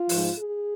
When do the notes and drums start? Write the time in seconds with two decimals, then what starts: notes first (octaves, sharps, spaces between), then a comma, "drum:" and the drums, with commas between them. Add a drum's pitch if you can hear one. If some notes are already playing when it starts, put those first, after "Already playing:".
Already playing: F4
0.09 G#2 F3, drum: open hi-hat
0.37 G#4